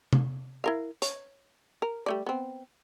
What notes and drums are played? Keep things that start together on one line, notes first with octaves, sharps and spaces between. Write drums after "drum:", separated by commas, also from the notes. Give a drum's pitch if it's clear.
drum: tom C3
E4 A#4 F5
C#5, drum: hi-hat
A#4
G3 A3 D5
B3 C4